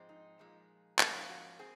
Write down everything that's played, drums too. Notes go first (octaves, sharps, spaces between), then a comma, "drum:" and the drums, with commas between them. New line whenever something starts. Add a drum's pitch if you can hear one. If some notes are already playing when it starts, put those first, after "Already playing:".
Already playing: G#2 F3 G#3 C4
D#4
A#2 F3 G#3
G#2 F3 A#3 C#4, drum: clap
F#4
C4 G#4